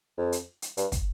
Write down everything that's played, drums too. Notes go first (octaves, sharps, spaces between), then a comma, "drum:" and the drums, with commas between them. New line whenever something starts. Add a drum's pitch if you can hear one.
F2
drum: hi-hat
drum: hi-hat
G2, drum: hi-hat
drum: kick, hi-hat